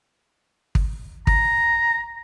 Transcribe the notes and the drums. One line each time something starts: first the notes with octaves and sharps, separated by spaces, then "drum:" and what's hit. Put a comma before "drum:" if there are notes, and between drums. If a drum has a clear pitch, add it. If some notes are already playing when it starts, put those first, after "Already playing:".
drum: kick
A#5, drum: kick